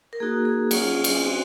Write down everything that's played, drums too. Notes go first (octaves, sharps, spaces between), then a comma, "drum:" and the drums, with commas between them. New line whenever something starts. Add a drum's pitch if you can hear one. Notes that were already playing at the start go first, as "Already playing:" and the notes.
A#4
A#3 D#4 F#4 G#4
G#4
F#3 C#4 F4, drum: cymbal
drum: cymbal
C4 F#4